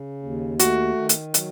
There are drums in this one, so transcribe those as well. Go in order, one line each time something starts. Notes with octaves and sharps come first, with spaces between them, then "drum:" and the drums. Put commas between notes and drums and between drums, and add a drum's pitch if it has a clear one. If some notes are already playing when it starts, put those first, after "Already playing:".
Already playing: C#3
D#2
A3 F#4, drum: hi-hat
D#3
drum: hi-hat
F#3, drum: hi-hat